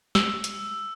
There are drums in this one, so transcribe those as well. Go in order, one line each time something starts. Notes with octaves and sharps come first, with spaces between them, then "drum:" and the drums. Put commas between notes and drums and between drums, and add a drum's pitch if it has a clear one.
E6, drum: snare
drum: hi-hat